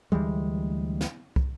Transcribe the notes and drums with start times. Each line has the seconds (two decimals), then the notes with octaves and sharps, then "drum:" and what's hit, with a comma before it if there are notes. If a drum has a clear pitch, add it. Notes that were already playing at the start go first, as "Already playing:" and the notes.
0.12 D2 E3 G3 G#3
1.01 drum: snare
1.36 drum: kick